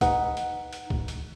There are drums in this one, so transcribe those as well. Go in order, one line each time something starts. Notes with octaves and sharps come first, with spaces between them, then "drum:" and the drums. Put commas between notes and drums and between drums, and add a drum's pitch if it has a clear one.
D#4 B4 F#5, drum: kick, hi-hat
drum: hi-hat
drum: hi-hat
drum: kick
drum: hi-hat